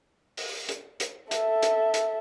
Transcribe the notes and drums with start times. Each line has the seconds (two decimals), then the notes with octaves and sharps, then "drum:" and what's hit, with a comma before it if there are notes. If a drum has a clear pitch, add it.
0.37 drum: open hi-hat
0.69 drum: hi-hat
1.00 drum: hi-hat
1.31 A4 E5, drum: hi-hat
1.63 drum: hi-hat
1.94 drum: hi-hat